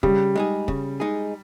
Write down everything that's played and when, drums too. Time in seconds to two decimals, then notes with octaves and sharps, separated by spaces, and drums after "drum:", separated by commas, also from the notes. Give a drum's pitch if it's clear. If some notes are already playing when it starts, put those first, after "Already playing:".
0.03 C#3 G3, drum: kick
0.36 G#3 D#4 G#4
0.68 C#3, drum: kick
1.00 G#3 D#4 G#4